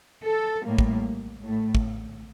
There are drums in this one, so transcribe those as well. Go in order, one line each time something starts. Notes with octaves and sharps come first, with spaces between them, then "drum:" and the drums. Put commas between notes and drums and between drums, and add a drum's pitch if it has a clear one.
A4
A2 G3 A#3
drum: kick
A2 A3
drum: kick